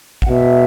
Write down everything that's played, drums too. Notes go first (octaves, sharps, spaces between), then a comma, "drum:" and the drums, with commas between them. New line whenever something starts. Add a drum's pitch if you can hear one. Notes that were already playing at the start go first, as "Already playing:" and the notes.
F#5, drum: kick A1
B2 E5